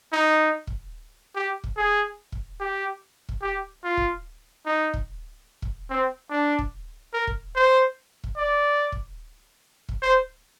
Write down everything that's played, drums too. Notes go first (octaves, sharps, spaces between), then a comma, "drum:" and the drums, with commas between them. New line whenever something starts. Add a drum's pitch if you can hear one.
D#4
drum: kick
G4
drum: kick
G#4
drum: kick
G4
drum: kick
G4
F4
drum: kick
D#4
drum: kick
drum: kick
C4
D4
drum: kick
A#4
drum: kick
C5
drum: kick
D5
drum: kick
drum: kick
C5